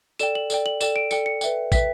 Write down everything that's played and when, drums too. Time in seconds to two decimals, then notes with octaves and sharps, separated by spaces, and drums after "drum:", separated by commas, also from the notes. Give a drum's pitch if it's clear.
0.19 A4 D5 G5 E7, drum: tambourine
0.35 F#7
0.50 A4 D5 G5, drum: tambourine
0.66 F#7
0.81 A4 D5 G5 E7, drum: tambourine
0.96 D7
1.11 A4 D5 G5 C#7, drum: tambourine
1.26 C#7
1.41 B4 E5 G5, drum: tambourine
1.72 B4 E5 G5 B6, drum: kick, tambourine